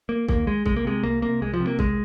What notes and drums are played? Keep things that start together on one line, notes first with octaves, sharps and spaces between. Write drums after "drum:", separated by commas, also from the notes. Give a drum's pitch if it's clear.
A#3
D#2 A#3, drum: kick
G#3
C2 G#3, drum: kick
A#3
C3 G#3
C2 A#3
C3 A#3
C2 G#3
F3
C3
A#3
C2 G#3, drum: kick